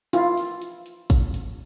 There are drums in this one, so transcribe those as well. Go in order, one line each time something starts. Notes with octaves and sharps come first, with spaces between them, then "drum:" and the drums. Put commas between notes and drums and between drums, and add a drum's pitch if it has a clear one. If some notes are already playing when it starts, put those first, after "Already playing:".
E4 F4, drum: hi-hat
drum: open hi-hat
drum: hi-hat
drum: hi-hat
drum: kick, hi-hat
drum: hi-hat